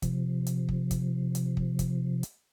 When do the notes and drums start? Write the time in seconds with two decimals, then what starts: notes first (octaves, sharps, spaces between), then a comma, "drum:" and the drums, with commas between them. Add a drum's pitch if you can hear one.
0.02 C3 F3, drum: kick, hi-hat
0.47 drum: hi-hat
0.69 drum: kick
0.91 drum: kick, hi-hat
1.35 drum: hi-hat
1.57 drum: kick
1.79 drum: kick, hi-hat
2.23 drum: hi-hat